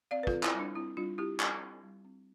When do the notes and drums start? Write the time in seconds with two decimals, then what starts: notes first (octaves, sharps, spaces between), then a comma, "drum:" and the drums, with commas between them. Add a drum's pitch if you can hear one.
0.11 C4 D5 F5
0.23 B4
0.27 F4 A4, drum: kick
0.33 C4
0.43 E4, drum: clap
0.54 G3
0.59 D4
0.75 C4 E4
0.97 G3 D4 F4
1.18 C4 E4 G4
1.40 G3, drum: clap
1.61 C4
1.83 G3
2.04 C4